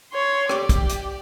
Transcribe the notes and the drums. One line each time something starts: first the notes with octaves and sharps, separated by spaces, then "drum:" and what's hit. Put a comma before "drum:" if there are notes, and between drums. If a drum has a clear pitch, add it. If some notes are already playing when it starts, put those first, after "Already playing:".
C#5 C6
G4 D5, drum: rim click
drum: kick, hi-hat
drum: hi-hat